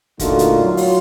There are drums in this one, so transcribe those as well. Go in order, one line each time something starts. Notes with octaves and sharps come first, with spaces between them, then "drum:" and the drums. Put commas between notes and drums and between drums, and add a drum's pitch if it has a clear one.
A#2 D3 A3 D#4 F4 F#4, drum: kick, hi-hat
drum: hi-hat
F#3 F4
drum: open hi-hat